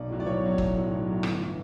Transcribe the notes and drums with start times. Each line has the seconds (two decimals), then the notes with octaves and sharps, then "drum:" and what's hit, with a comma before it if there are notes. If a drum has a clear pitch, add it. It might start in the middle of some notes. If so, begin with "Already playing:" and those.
Already playing: B1 D5
0.10 A2 F#3
0.20 D5
0.26 B1 C#5
0.43 A2 F#3
0.58 B1, drum: kick
0.75 A2 F#3
0.91 B1
1.07 A2 F#3
1.23 G1, drum: rim click
1.39 E3